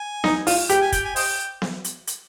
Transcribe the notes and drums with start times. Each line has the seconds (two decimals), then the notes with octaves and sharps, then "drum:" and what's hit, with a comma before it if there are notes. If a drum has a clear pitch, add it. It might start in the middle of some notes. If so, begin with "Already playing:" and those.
Already playing: G#5
0.24 D#4, drum: snare B3
0.47 F4, drum: open hi-hat
0.70 G4 G5, drum: hi-hat
0.82 G#5
0.92 G5, drum: kick, hi-hat
1.04 G#5
1.16 C5 D#5 G5, drum: open hi-hat
1.62 drum: snare B3
1.84 drum: hi-hat
2.07 drum: hi-hat